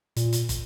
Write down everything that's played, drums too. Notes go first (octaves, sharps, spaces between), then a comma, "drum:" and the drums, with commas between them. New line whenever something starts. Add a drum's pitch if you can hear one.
A#2, drum: hi-hat
drum: hi-hat
drum: kick, hi-hat